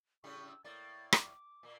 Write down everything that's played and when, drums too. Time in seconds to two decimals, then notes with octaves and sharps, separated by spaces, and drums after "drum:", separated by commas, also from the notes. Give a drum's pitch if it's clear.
0.24 A2 C#3 G3 C#6
0.48 E6
0.64 A2 A#3 D5 A6
1.12 D6, drum: rim click
1.63 A#2 A#3